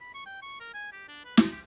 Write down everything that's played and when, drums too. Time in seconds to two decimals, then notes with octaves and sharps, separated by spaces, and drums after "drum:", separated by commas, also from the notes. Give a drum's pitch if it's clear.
0.01 B5
0.14 C#6
0.26 G5
0.42 C#6
0.60 A#4
0.74 G#5
0.92 G4
1.08 D4
1.25 B4
1.37 D#4, drum: snare
1.52 G4